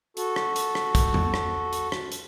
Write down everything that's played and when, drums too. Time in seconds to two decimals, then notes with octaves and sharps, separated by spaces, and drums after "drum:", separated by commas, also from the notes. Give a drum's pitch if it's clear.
0.17 F#4 A4, drum: hi-hat
0.36 drum: rim click
0.56 drum: hi-hat
0.75 drum: rim click
0.95 drum: kick, hi-hat
1.14 drum: tom E2
1.34 drum: rim click
1.73 drum: hi-hat
1.92 drum: rim click
2.12 drum: hi-hat